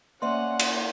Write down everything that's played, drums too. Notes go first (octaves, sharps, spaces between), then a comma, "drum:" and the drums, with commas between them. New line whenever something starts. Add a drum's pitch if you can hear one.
A#3 C#4 C5 D5 E5 F#5 C6
drum: cymbal